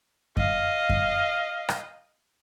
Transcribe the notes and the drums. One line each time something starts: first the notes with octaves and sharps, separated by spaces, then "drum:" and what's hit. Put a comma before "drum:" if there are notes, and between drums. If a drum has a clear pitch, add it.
D#5 F5, drum: kick F#2
drum: kick F#2
drum: rim click